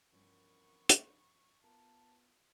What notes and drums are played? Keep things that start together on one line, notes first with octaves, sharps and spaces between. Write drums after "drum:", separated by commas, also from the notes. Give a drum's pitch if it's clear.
G2 C3 E3 F3 B3 C#4 A#4 C#6
drum: hi-hat
B3 F4 A#4 A5